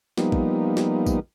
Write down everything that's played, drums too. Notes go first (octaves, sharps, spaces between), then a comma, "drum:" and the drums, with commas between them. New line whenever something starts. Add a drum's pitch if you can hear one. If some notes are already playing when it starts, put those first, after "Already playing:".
F3 G3 A#3 B3 D#4, drum: snare
drum: kick
drum: snare
drum: kick, tambourine